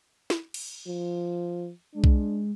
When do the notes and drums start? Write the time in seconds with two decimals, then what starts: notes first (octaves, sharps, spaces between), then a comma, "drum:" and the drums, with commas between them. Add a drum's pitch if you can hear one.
0.30 drum: snare
0.54 drum: cymbal
0.87 F3
1.94 G#3 D4
2.04 drum: kick B1